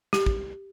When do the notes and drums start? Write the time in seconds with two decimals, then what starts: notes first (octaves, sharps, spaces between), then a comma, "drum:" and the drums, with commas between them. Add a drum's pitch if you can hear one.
0.13 G4, drum: snare
0.26 drum: kick